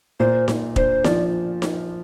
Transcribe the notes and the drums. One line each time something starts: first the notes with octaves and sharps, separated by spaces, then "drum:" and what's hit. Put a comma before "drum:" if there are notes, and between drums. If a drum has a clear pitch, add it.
A#2 C5
A#2, drum: snare D#4
D4 C5, drum: kick
F3 D5, drum: snare D#4
drum: snare D#4